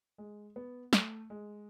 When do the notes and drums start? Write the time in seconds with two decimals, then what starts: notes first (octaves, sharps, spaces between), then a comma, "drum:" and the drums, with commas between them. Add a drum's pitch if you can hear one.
0.18 G#3
0.56 B3
0.93 A3, drum: snare
1.30 G#3